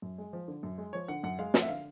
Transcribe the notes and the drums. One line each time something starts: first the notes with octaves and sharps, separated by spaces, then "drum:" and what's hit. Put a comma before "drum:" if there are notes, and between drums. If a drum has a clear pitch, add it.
F#2
G#3
F3
D3
F#2
G#3
F3 C#5
D3 F#5
F#2 F#5
G#3 F5
F3 F#5, drum: snare
E5
D3 F5